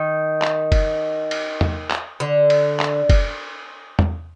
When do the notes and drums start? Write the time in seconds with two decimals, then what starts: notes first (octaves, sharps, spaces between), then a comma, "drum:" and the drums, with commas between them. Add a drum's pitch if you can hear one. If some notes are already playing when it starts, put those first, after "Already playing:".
Already playing: D#3
0.42 drum: clap
0.72 drum: kick, cymbal
1.31 drum: cymbal
1.61 drum: tom E2
1.91 drum: clap
2.20 D3
2.50 drum: cymbal
2.80 drum: clap
3.10 drum: kick, cymbal
3.99 drum: tom E2